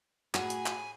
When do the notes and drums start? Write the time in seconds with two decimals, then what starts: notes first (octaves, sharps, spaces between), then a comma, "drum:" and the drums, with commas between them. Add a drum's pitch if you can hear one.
0.34 A2 F#4 G#4 G#5 B5, drum: clap
0.50 drum: hi-hat
0.66 drum: clap